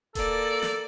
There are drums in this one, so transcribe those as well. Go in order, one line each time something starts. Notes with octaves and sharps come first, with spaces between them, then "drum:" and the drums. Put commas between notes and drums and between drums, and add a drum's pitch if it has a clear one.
A#3 A4 D5, drum: kick D#1, hi-hat
drum: snare